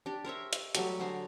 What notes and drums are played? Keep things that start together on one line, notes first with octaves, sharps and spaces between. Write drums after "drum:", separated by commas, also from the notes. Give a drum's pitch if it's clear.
D4 G4
A#4 C5 C#5 E5
drum: hi-hat
F#3 G3 A3 G4, drum: hi-hat
D3 C5 D#5 G#5